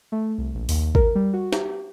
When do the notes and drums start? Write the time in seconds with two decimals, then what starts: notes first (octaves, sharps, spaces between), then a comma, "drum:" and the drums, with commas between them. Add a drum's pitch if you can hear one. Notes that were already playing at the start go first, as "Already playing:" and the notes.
0.12 A3
0.38 C2
0.54 A#1
0.69 D#2, drum: open hi-hat
0.95 A#4, drum: kick G#1
1.15 G3
1.33 F#4
1.53 G4, drum: snare